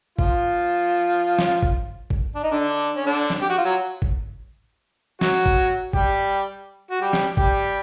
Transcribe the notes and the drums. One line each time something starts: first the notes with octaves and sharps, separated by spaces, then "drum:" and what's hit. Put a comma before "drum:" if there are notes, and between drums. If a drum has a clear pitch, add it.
F3 F4, drum: kick
drum: snare
drum: kick
drum: kick
D4
D#4
D3 D4
C#4
D3 D4
drum: snare
G4
F#4
F4
F#3 F#4
drum: kick
F#3 F#4, drum: snare
drum: kick
G3 G4, drum: kick
F#4
G3 G4
drum: snare
G3 G4, drum: kick